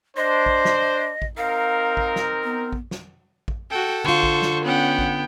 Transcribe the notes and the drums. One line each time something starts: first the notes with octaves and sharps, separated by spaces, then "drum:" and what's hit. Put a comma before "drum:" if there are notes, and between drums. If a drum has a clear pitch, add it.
D4 C5 D#5
drum: kick A1
drum: snare
drum: kick A1
C4 D#4 A#4 F5
drum: kick A1
drum: snare
B3
drum: kick A1
drum: snare
drum: kick A1
F#4 A4 F#5 G5
D3 F4 C5 C#6
drum: kick A1
drum: snare
B3 C#4 F#5 G5
drum: kick A1